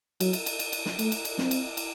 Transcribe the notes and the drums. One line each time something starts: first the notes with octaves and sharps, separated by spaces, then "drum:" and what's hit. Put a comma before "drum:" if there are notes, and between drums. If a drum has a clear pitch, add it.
F#3, drum: cymbal
drum: cymbal
drum: cymbal
drum: cymbal
drum: cymbal
drum: snare
A3, drum: cymbal
drum: cymbal
drum: cymbal
C4, drum: snare
drum: cymbal
drum: cymbal